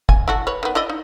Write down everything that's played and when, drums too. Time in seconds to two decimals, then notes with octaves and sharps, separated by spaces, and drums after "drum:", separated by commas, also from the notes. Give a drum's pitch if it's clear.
0.09 G#5, drum: kick
0.28 E4 F#4 A4
0.47 B4 C#5
0.63 D#3 B3
0.75 E4 D5 D#5
0.89 D#4